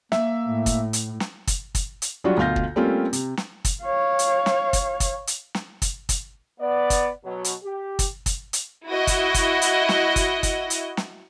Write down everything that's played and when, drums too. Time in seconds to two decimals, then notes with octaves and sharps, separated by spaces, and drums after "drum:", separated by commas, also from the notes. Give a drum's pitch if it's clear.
0.12 A#3 E5, drum: snare
0.47 A2
0.66 drum: kick, hi-hat
0.93 drum: hi-hat
1.20 drum: snare
1.47 drum: kick, hi-hat
1.75 drum: kick, hi-hat
2.02 drum: hi-hat
2.24 F#3 G3 D4 F4 F#4
2.37 D2 B2 F4 F5 G6 A#6
2.56 drum: kick
2.76 G3 A3 A#3 C4 C#4 F4
3.13 C3, drum: hi-hat
3.37 drum: snare
3.65 drum: kick, hi-hat
3.83 C#5 F5
4.19 drum: hi-hat
4.46 drum: snare
4.73 drum: kick, hi-hat
5.00 drum: kick, hi-hat
5.27 drum: hi-hat
5.55 drum: snare
5.82 drum: kick, hi-hat
6.09 drum: kick, hi-hat
6.60 B3 D5
6.90 drum: kick, hi-hat
7.24 B2 F#3
7.44 drum: hi-hat
7.63 G4
7.99 drum: kick, hi-hat
8.26 drum: kick, hi-hat
8.53 drum: hi-hat
8.87 E4 F#4 D#5
9.07 drum: kick, hi-hat
9.34 drum: kick, hi-hat
9.62 drum: hi-hat
9.89 drum: snare
10.16 drum: kick, hi-hat
10.43 drum: kick, hi-hat
10.70 drum: hi-hat
10.97 drum: snare